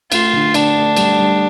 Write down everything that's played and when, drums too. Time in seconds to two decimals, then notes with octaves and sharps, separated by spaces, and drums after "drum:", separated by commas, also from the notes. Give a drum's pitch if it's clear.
0.12 A3 F4, drum: cymbal
0.33 D3
0.54 D3 D4, drum: cymbal
0.76 A3
0.97 G3, drum: cymbal
1.18 G3